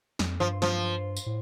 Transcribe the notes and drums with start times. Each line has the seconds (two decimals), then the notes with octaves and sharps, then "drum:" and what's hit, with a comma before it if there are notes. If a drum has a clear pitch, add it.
0.19 F2, drum: snare
0.40 G2 F3
0.62 F3, drum: snare
1.17 drum: tambourine
1.26 A2